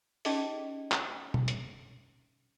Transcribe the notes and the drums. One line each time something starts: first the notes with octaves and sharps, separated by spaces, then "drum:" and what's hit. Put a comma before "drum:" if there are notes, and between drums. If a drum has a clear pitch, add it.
C#4 D#4 G4 G#4 D5 D#5, drum: open hi-hat
drum: clap
drum: tom
drum: hi-hat